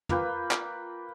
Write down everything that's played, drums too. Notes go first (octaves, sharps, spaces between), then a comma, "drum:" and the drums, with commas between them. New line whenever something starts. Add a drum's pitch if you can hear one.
A#3 F4 B4 G5, drum: tom
drum: clap